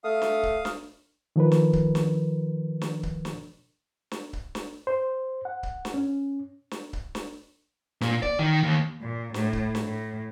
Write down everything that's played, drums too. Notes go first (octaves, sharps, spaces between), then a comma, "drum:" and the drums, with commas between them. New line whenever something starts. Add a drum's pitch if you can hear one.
A3 F5 D#6
drum: snare
drum: kick C#1
drum: snare
D#3 F3 A#4 B4
drum: snare
drum: kick C#1
drum: snare
drum: snare
drum: kick C#1
drum: snare
drum: snare
drum: kick C#1
drum: snare
C5
F#5
drum: kick C#1
drum: snare
C#4
drum: snare
drum: kick C#1
drum: snare
A#2, drum: snare
D5, drum: kick C#1
D#3
D#2
A#2
A2, drum: snare
drum: kick C#1
drum: snare
A2